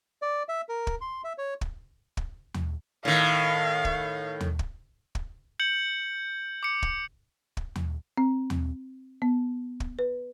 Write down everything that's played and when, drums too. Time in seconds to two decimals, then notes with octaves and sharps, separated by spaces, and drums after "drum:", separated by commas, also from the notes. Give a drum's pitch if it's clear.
0.22 D5
0.49 E5
0.69 A#4
0.87 drum: kick
1.01 C6
1.24 E5
1.38 C#5
1.61 drum: kick
2.17 drum: kick
2.54 drum: tom D#2
3.05 A2 D#3 F5
3.85 drum: kick
4.40 drum: tom D#2
4.59 drum: kick
5.15 drum: kick
5.59 G6 C#7 F#7
6.63 D6 C#7
6.82 drum: kick
7.57 drum: kick
7.76 drum: tom D#2
8.17 C4
8.50 drum: tom D#2
9.22 B3
9.80 drum: kick
9.99 B4